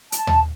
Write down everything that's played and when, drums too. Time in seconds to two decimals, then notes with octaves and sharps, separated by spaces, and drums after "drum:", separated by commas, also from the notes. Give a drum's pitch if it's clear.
0.12 A5, drum: hi-hat
0.27 drum: tom D#2